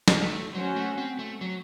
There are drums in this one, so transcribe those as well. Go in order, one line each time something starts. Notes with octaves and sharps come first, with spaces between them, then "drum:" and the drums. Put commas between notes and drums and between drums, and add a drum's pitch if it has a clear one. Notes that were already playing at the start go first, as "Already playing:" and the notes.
drum: snare
A3
F#3 C#4 F#4 C5
A3
C4
A3
F#3